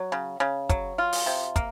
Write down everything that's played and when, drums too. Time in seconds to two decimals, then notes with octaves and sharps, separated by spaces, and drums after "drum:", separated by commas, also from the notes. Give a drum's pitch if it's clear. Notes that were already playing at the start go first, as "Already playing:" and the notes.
Already playing: F#3
0.12 C#3
0.40 C#3
0.69 F#3, drum: kick, hi-hat
0.98 F4
1.12 drum: open hi-hat
1.26 C3
1.56 A#3, drum: kick, hi-hat